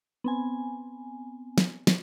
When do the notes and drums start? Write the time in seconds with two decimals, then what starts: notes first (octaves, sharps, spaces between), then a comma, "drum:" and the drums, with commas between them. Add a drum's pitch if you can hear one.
0.24 B3 C4 G#5
1.58 drum: snare
1.87 drum: snare